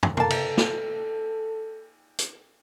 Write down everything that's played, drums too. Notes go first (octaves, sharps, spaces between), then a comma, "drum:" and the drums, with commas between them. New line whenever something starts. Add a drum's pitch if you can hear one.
drum: tom
A#3 A4 A5, drum: tom
drum: cymbal
drum: snare
drum: hi-hat